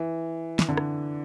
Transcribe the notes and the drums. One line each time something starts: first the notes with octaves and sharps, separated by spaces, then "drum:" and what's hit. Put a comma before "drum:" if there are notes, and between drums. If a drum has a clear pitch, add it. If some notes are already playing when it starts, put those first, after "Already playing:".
Already playing: E3
drum: snare
D3
drum: rim click